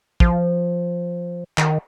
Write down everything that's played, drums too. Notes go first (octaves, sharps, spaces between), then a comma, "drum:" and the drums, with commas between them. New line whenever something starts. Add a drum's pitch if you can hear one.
F3, drum: kick
D#3, drum: clap